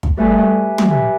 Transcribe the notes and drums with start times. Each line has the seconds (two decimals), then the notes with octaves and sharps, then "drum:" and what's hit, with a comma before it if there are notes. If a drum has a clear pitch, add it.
0.03 drum: kick
0.17 G3 A3 G4 B4 E5 G#5
0.78 drum: tom
0.91 G4 B4 E5 G#5